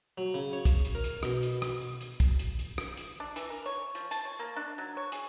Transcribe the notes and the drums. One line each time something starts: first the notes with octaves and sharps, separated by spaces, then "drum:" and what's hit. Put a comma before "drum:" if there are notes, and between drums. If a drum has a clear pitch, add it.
F#3
C#3
C#5
drum: kick, hi-hat
drum: hi-hat
A#4
drum: hi-hat
B2, drum: rim click
drum: hi-hat
drum: rim click
drum: hi-hat
drum: hi-hat
drum: kick, hi-hat
drum: hi-hat
drum: hi-hat
drum: rim click
drum: hi-hat
D4
E3, drum: hi-hat
A#4
C#5
F3, drum: hi-hat
A5, drum: hi-hat
C#5
A#3
D4
F#3
C#5
G#4, drum: hi-hat